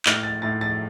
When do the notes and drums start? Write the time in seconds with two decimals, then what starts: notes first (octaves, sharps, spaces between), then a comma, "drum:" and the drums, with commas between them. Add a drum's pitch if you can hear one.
0.06 A2 F6, drum: clap
0.23 A6
0.42 A2 A6
0.61 A6